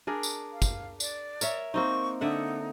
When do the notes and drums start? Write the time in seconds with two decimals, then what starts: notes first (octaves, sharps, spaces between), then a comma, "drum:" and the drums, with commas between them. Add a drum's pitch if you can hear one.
0.07 D4 G#4 A#4
0.23 drum: tambourine
0.52 F5
0.62 drum: kick, tambourine
1.00 D5, drum: tambourine
1.41 A#4 C#5 E5, drum: tambourine
1.74 A#3 C4 D#4 C#6
2.21 D3 D#4 E5 F#5